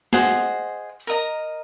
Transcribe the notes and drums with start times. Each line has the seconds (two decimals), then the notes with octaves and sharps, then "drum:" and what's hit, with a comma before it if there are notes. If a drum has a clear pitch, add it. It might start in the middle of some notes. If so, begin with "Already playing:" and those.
0.13 G#4 C5 D#5 F#5, drum: snare
1.07 A#4 D#5 A#5